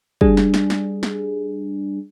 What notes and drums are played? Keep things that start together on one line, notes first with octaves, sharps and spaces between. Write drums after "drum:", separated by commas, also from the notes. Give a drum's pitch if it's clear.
G3 D4 G#4, drum: kick
drum: snare
drum: snare
drum: snare
drum: snare